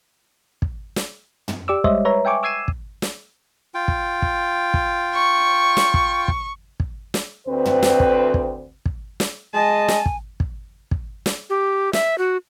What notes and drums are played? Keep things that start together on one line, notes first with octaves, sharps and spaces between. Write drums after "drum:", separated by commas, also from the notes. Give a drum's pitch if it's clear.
drum: kick
drum: snare
drum: tom
G4 D5 D6 E6
G3 G#3 C5 C#5 D#5 E5, drum: kick
B4 C#5 E5 A#5
E5 G5 G#5 C#6 D6
D6 E6 G#6 C7 D#7 E7
drum: kick
drum: snare
F4 G5
drum: kick
drum: kick
drum: kick
C#6
drum: snare
drum: kick
drum: kick
drum: kick
drum: snare
D2 C4 B4
drum: tom
drum: snare
drum: kick
drum: kick
drum: kick
drum: snare
G#3 D#5 G#5 A5
drum: snare
drum: kick
drum: kick
drum: kick
drum: snare
G4
E5, drum: snare
F#4